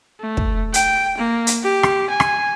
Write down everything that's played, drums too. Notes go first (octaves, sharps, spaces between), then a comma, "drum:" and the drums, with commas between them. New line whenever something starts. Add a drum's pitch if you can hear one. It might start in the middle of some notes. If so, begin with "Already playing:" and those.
A3
drum: kick
G5, drum: hi-hat
A#3
drum: hi-hat
G4
drum: rim click
G#5
drum: rim click